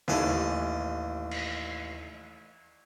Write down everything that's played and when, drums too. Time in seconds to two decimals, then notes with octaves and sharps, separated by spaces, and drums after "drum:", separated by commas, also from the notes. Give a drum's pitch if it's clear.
0.08 A1 D#2 G#5 A5, drum: snare
1.31 drum: cymbal